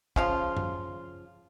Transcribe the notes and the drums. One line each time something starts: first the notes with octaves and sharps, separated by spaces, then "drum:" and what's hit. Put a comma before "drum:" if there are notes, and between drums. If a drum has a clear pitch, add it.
C#3 F3 F4, drum: kick
drum: tom F#2